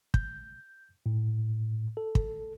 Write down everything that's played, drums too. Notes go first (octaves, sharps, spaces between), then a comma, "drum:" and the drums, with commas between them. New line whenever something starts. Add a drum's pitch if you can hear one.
G6, drum: kick
A2
A4
drum: kick